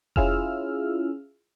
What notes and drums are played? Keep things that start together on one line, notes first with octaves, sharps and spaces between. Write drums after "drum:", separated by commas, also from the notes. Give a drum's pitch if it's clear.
C#4 E4 F4 G#4 E6 F6, drum: kick F1